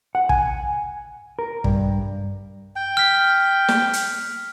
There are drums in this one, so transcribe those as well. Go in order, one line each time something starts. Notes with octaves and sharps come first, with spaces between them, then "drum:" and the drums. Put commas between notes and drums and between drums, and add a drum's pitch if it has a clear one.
F#5
G#5, drum: kick
A#4
G2, drum: kick
G5
F6 B6
drum: snare
drum: hi-hat